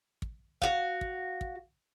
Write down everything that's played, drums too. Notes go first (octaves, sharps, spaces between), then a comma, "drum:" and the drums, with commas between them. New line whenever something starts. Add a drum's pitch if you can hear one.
drum: kick
F#4 F5, drum: kick
drum: kick
drum: kick